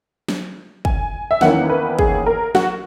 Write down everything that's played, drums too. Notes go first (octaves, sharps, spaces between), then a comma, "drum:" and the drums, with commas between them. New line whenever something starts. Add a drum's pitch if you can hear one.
drum: snare
G#5, drum: kick
E5
E2 D#3 A#3 C#4 E4 F#5, drum: snare
B4
G#4, drum: kick
A#4
F#4, drum: snare